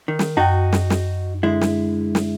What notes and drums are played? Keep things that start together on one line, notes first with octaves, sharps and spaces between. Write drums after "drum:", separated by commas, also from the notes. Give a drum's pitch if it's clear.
D#3
drum: snare
F#2 D#4 F#4 G5
drum: snare
drum: snare
D3 G#3 E4
drum: snare
drum: snare